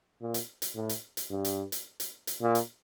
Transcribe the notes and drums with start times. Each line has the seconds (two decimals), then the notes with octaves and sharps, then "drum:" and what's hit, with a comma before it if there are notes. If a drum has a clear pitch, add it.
0.21 A#2
0.34 drum: hi-hat
0.62 drum: hi-hat
0.75 A2
0.89 drum: hi-hat
1.17 drum: hi-hat
1.30 G2
1.45 drum: hi-hat
1.72 drum: hi-hat
2.00 drum: hi-hat
2.27 drum: hi-hat
2.42 A#2
2.55 drum: hi-hat